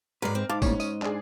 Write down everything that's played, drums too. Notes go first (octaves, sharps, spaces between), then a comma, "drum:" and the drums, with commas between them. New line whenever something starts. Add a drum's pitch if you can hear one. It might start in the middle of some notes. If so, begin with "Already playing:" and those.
G#2 F#3 G#3 A#4 B4 D5
C4
G#2 F5 A5 D6
A2 G3 A#3 C#4, drum: kick, tambourine
D#5, drum: tambourine
D4 G#4, drum: clap